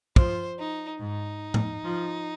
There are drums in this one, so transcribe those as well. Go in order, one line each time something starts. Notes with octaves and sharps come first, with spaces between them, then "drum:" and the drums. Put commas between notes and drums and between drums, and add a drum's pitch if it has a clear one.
F3 C5, drum: kick
D#4
G#2 D#4
drum: tom A2
F3